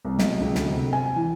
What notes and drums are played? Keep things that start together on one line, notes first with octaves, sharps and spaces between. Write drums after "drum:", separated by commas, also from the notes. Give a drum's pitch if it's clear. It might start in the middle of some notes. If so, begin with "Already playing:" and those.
C2
B1, drum: snare
C#2
D2, drum: snare
C3
G#5
E3